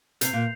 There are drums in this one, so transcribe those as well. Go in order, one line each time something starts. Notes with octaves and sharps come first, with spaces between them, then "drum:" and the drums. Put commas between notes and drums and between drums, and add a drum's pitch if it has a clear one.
C3 G6 C7 F7, drum: hi-hat
A#2